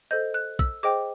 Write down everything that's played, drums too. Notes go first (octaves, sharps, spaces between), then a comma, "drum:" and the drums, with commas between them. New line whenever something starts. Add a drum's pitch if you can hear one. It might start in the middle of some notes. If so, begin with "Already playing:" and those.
A4 C5 D#5 G6
F#6
E6, drum: kick
G#4 C5 D#5 G5 D6